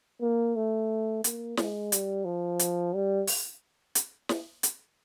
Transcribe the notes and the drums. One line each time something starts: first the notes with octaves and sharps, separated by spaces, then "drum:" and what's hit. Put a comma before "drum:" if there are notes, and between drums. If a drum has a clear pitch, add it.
A#3
A3
A#3, drum: hi-hat
G#3, drum: snare
G3, drum: hi-hat
F3
drum: hi-hat
G3
drum: open hi-hat
drum: hi-hat
drum: snare
drum: hi-hat